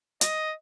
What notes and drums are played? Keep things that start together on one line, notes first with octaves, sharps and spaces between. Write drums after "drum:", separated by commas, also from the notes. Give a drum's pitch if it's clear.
D#5, drum: hi-hat